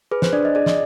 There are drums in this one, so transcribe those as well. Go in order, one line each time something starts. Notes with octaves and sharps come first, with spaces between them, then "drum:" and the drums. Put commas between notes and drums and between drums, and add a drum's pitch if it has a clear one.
G#4 B4
C5, drum: snare
D4 D5
D#5
G#4 D5
D#5, drum: snare